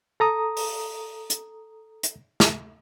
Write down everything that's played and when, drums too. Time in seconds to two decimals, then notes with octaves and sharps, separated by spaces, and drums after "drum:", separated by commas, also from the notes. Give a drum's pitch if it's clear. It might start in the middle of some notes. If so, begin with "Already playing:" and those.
0.20 A4 A#5 D#6
0.57 drum: open hi-hat
1.30 drum: hi-hat
2.03 drum: hi-hat
2.40 drum: snare